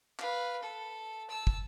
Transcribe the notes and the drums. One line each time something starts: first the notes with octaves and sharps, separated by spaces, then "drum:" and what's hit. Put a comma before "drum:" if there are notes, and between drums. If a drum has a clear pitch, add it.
B4 F5, drum: clap
A4
A5 E6
drum: kick